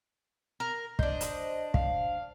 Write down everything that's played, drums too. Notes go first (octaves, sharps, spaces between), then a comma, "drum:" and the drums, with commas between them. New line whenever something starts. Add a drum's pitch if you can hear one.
A#4
D4 C5 D#5, drum: kick
drum: hi-hat
F5, drum: kick